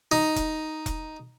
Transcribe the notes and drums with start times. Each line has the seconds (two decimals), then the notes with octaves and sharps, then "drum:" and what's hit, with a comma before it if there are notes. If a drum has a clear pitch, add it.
0.12 D#4
0.36 drum: kick E1, hi-hat
0.86 drum: kick E1, hi-hat